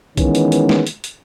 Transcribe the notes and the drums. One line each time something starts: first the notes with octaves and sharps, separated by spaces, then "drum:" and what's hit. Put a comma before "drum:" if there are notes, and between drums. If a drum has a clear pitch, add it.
D#3 E3 G#3 B3 C#4, drum: kick B1, hi-hat
drum: hi-hat
drum: hi-hat
drum: snare
drum: hi-hat
drum: hi-hat